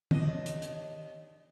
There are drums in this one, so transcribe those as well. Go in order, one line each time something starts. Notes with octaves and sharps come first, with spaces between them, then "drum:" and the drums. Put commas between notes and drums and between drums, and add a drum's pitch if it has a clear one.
D#2 D4 D#5, drum: tom
drum: hi-hat
drum: hi-hat